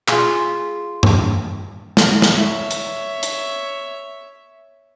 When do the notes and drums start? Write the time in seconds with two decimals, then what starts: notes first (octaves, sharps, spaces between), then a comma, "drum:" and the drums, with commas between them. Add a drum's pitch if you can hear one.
0.08 F4 G#4, drum: clap
1.03 drum: tom G2
1.97 drum: snare
2.22 drum: snare
2.32 C#5 E5
2.71 drum: hi-hat
3.23 drum: hi-hat